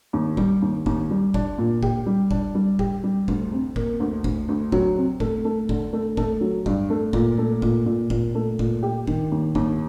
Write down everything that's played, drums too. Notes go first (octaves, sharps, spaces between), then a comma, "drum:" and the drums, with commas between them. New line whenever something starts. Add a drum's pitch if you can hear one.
D#2
G3, drum: kick F#1
D#2
D#2, drum: kick F#1
G3
D4, drum: kick F#1
A#2
G4, drum: kick F#1
G3
D4, drum: kick F#1
G3
G4, drum: kick F#1
G3
D2, drum: kick F#1
C3
A#3, drum: kick F#1
D2
D2, drum: kick F#1
D2
F#3, drum: kick F#1
C3
A3, drum: kick F#1
A3
D3, drum: kick F#1
A3
A3, drum: kick F#1
F#3
G2, drum: kick F#1
A3
A#2, drum: kick F#1
A3
A#2, drum: kick F#1
A#2
A#2, drum: kick F#1
A3
A#2, drum: kick F#1
G4
D#3, drum: kick F#1
D#2
D#2, drum: kick F#1